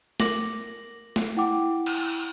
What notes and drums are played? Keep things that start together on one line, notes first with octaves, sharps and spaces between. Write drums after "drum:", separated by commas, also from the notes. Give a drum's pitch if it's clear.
A#4 D6 A#6 F#7, drum: snare
drum: snare
E4 F#5 G5 D6
drum: cymbal